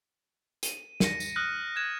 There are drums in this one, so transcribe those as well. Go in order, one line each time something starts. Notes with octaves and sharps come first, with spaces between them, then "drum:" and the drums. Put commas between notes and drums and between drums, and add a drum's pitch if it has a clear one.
D#7, drum: hi-hat
A#6 C#7 D#7, drum: snare
drum: tambourine
D#6 F6 F#6 A#6
F#6 G#6 E7